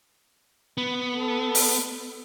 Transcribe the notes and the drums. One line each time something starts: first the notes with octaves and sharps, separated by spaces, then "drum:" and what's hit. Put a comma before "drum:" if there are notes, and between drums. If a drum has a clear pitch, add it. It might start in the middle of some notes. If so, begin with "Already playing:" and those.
B3
A4
drum: open hi-hat